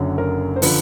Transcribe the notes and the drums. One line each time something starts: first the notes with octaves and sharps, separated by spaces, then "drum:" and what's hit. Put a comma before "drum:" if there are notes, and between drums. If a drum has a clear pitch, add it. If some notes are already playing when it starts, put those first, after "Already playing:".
Already playing: F#1 F#2 D3 F#3
A#4
C5
D3 F3 B4, drum: open hi-hat